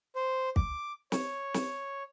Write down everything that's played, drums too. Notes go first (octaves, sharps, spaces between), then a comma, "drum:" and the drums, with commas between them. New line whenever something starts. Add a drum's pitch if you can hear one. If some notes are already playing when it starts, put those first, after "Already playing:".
C5
D6, drum: kick
C#5, drum: snare
drum: snare